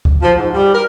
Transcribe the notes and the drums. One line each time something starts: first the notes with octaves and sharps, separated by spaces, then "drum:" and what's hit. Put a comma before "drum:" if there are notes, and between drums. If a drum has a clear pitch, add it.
drum: kick
F3
G#2
G3
A#4